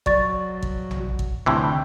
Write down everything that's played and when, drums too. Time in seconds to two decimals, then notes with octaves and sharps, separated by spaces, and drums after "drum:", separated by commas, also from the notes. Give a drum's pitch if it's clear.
0.06 F#3 D5 C#6 A6, drum: kick
0.63 drum: kick
0.91 drum: tom A#1
1.19 drum: kick
1.46 D2 A2 C3 E3 G5